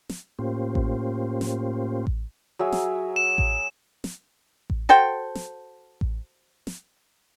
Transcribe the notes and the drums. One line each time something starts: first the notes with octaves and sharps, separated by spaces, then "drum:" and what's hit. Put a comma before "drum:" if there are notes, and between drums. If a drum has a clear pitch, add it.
drum: snare
A2 A#3 C#4 F4 G4 C5
drum: kick A1
drum: snare
drum: kick A1
F#3 G#4 E5
drum: snare
E7
drum: kick A1
drum: snare
drum: kick A1
F#4 A4 C5 G5
drum: snare
drum: kick A1
drum: snare